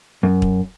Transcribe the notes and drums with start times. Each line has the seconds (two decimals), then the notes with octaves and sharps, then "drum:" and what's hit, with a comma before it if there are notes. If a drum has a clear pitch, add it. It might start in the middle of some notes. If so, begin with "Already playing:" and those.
0.23 F#2
0.42 drum: kick